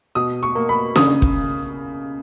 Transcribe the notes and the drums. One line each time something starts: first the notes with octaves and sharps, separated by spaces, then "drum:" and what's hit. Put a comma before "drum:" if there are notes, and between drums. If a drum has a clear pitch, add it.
B2 D#6
C#6
A#3
B5
C#3 D#6, drum: snare
drum: kick